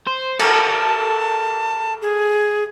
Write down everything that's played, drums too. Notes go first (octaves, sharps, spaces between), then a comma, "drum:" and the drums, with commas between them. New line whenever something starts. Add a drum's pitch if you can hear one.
C5
A4 A#4 A5, drum: cymbal
G#4